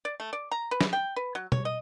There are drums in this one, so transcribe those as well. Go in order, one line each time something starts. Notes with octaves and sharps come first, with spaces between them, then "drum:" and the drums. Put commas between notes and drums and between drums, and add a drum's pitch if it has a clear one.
D5
A3
D5
A#5
B4
drum: snare
G5
B4
F#3
C#5, drum: tom
D#5